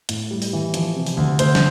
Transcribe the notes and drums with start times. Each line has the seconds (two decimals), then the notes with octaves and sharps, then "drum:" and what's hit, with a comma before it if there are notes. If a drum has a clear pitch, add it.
0.09 A2, drum: hi-hat
0.31 G3
0.42 drum: open hi-hat
0.53 E3
0.74 F3, drum: hi-hat
0.96 C3
1.06 drum: open hi-hat
1.17 D2
1.39 D2 C5, drum: hi-hat
1.55 drum: snare